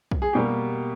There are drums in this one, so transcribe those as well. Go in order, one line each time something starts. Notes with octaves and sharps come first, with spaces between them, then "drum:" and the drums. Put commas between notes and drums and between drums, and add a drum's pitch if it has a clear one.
drum: kick
G#4
B2 G3 A#3 G4